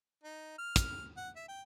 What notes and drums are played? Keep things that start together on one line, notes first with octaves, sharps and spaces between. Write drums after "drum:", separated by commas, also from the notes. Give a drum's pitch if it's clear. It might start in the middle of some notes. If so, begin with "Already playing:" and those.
D#4
F6
drum: kick, hi-hat
F#5
E5
G5